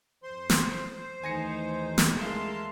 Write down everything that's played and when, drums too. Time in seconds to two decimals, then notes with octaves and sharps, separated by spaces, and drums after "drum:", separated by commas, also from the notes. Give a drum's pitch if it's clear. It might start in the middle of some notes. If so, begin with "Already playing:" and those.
0.23 F2 C5 C6
0.50 drum: snare
0.94 C5
1.24 D#2 E3 A3 D#4 G#5 A#6 C#7
1.98 drum: snare
2.17 G#3 A#4 E5 F5 A5 C6